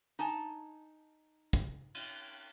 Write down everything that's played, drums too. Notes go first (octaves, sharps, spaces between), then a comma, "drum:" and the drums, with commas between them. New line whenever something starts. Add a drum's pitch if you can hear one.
D#4 G#5 A5
drum: kick
drum: cymbal